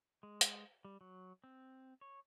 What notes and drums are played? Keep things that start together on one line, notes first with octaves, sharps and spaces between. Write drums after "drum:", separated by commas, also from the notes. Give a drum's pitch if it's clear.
G#3
drum: hi-hat
G3
F#3
C4
C#5